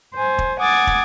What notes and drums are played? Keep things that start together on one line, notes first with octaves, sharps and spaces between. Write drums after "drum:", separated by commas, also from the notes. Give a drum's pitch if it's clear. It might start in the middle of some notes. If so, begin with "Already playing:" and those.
C5 G#5
drum: kick
F#5 G#5 D6 D#6 G#6 A6
drum: kick